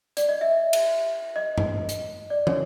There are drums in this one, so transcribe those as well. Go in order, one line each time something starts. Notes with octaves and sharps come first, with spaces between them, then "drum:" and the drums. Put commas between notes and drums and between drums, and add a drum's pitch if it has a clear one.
D5, drum: hi-hat
D#5
E5
drum: cymbal
D#5
drum: tom G2
drum: hi-hat
D5
C#5, drum: tom